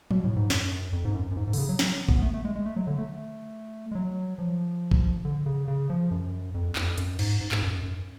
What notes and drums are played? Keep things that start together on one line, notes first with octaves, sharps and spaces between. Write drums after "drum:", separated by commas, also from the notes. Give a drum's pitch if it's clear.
B2, drum: tom F3
A2
G#2
F#2, drum: snare
F2
G#2
F#2
F#2
G#2
G#2
D3, drum: open hi-hat
C#3
F#3
F#3, drum: snare
B3, drum: kick
A3
A3
G#3
G#3
A3
F#3
D3
A3
G#3
F#3
F3
drum: kick
D3
C#3
C#3
F3
F#2
F2
F2, drum: clap
F#2, drum: hi-hat
G#2, drum: cymbal
G#2
G#2, drum: clap
F#2
F#2